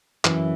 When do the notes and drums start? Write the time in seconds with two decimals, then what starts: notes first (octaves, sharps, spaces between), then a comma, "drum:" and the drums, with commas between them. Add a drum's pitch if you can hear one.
0.25 F#2 E3, drum: clap